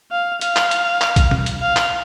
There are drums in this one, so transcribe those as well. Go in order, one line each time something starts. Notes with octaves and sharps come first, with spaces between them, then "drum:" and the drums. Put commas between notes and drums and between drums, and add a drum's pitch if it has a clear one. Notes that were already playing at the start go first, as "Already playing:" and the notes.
F5
F5, drum: hi-hat
drum: clap
drum: hi-hat
drum: clap
drum: kick, hi-hat
drum: tom
drum: hi-hat
F5
drum: clap